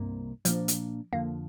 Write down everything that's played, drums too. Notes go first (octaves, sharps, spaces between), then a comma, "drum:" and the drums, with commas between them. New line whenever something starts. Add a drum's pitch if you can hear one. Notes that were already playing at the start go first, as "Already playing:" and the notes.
Already playing: C2 G2 C3 A#3
A#2 F3 A#3 D4, drum: hi-hat
drum: hi-hat
F2 D3 F3 A#3